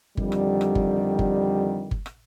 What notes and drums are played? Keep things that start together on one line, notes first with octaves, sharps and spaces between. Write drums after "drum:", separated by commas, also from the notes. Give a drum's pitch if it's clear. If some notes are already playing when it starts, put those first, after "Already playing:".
F2 D3 D#3 G3, drum: kick G1
drum: rim click
drum: rim click
drum: kick G1
drum: kick G1
drum: kick G1
drum: rim click